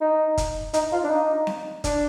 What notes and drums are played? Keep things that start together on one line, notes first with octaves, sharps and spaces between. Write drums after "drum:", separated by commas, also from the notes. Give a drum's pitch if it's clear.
D#4
drum: kick, hi-hat
D#4, drum: hi-hat
F4
D4
D#4
drum: snare C4
D4, drum: kick, hi-hat